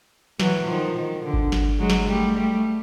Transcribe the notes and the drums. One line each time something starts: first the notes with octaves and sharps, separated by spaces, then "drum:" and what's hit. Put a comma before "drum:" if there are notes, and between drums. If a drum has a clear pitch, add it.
E3 F#3, drum: snare
D#3 F3
D#3
D3
drum: kick G#1
drum: snare
F#3 G#3
drum: snare
G3 A3
G3 A3